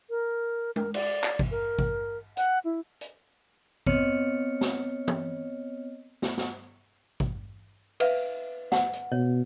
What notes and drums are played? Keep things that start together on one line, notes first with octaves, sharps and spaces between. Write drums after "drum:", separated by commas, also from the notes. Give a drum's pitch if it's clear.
A#4
A#4, drum: tom G#3
D5, drum: cymbal
drum: clap
drum: kick
A#4
drum: kick
F#5, drum: hi-hat
E4
drum: hi-hat
B3 C4 C#5 D#5 F6 C#7, drum: kick
drum: snare
drum: tom
drum: snare
drum: snare
drum: kick
B4 E5 F5, drum: cymbal
F#5, drum: snare
drum: hi-hat
B2 C#5